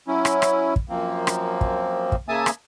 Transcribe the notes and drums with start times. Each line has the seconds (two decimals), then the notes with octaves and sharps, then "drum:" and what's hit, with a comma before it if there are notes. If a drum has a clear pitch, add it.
0.08 F#3 C#4 E4
0.25 drum: rim click
0.42 drum: rim click
0.76 drum: kick
0.89 F#2 F3 A#3 C4
1.27 drum: rim click
1.61 drum: kick
2.12 drum: kick
2.29 C#3 A#3 E5 G#5 A5 D#6
2.46 drum: rim click